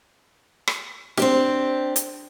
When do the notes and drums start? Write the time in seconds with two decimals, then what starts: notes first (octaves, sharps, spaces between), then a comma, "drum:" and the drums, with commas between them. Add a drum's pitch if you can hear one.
0.67 drum: rim click
1.17 C4 D4 G4, drum: snare
1.96 drum: hi-hat